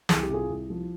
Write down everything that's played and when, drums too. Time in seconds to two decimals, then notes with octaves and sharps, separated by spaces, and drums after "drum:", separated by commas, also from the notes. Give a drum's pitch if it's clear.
0.09 C2 G#4, drum: snare
0.21 G4
0.29 C3 F4 G#4
0.50 C2
0.70 F3